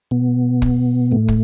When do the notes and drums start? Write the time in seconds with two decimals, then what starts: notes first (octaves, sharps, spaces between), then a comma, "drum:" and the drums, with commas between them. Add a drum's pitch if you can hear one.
0.11 B2 B3
0.62 drum: kick
1.12 A2 A3
1.28 drum: kick